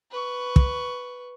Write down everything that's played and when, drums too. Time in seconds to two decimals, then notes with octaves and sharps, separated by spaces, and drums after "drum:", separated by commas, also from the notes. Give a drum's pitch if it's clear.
0.11 B4 C#6
0.56 drum: kick